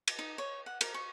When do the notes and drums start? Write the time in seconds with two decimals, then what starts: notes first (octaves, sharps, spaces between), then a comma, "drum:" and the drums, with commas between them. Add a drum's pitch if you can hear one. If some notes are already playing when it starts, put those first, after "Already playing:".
0.07 drum: cymbal
0.19 D#4
0.38 C#5
0.66 F#5
0.81 A#4, drum: cymbal
0.94 C#6